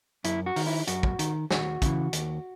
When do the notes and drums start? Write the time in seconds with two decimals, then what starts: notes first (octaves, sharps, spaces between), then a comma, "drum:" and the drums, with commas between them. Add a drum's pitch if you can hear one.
0.24 F#2 E4, drum: hi-hat
0.46 F#4
0.56 D#3, drum: open hi-hat
0.67 E4
0.87 F#2 F#4, drum: hi-hat
1.03 drum: kick
1.19 D#3, drum: hi-hat
1.51 D#2 F#4, drum: snare
1.82 C#3 E3, drum: kick, hi-hat
2.13 D#2, drum: hi-hat